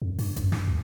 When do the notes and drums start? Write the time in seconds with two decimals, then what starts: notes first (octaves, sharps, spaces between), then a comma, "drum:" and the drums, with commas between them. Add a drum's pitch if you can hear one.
0.02 F2
0.18 G2, drum: open hi-hat
0.36 F#2, drum: kick, hi-hat
0.52 G2, drum: snare
0.67 D2